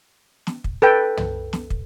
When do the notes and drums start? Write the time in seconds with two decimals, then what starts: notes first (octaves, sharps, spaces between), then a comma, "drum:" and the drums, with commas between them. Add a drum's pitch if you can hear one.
0.47 drum: snare
0.64 drum: kick
0.82 A4 B4 G5
1.17 drum: tom
1.53 drum: snare
1.70 drum: kick